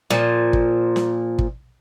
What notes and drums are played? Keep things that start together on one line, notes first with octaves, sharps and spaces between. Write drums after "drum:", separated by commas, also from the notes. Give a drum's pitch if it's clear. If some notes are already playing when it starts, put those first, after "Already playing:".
A#2 F3, drum: snare
drum: kick
drum: snare
drum: kick